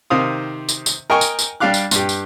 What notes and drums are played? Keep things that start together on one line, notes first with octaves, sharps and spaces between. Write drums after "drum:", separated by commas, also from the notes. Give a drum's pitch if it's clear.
C3 D#3 D#4 C5 F5 D#6
drum: tambourine
drum: tambourine
A#4 D#5 G5 G#5 C#6
drum: tambourine
drum: tambourine
G3 D4 G4 F5 D6 F#6
drum: tambourine
G2 G4, drum: tambourine
drum: tambourine